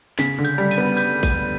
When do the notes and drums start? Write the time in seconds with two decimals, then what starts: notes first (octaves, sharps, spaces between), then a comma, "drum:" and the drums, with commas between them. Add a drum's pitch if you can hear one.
0.19 C#3 B6, drum: snare
0.38 D3
0.44 G6, drum: tambourine
0.58 G3
0.71 D#7, drum: tambourine
0.78 B3
0.97 G6, drum: tambourine
1.23 D#7, drum: kick A#1, tambourine